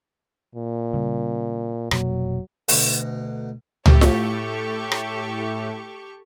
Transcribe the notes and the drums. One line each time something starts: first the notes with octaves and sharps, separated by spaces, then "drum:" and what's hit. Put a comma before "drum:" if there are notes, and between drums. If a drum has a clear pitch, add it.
A#2
C#3 G3
F1 B2 F#3 A#3, drum: rim click
D2 B2 A#5, drum: open hi-hat
A2 A3 G4 A4 C#6, drum: tom C#2
drum: snare F4
drum: rim click